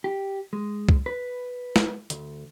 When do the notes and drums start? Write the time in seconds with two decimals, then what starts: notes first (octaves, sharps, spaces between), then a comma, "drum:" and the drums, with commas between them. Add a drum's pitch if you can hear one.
0.04 G4
0.53 G#3
0.89 drum: kick C2
1.06 B4
1.76 drum: snare
2.10 D2, drum: hi-hat